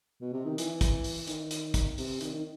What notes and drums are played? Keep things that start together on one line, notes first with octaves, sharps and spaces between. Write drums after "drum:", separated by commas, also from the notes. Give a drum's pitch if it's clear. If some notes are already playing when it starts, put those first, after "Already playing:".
B2
C3
D#3
E3, drum: hi-hat
drum: kick, hi-hat
drum: open hi-hat
D#3, drum: hi-hat
drum: hi-hat
drum: kick, hi-hat
C3, drum: open hi-hat
D#3, drum: hi-hat
D#3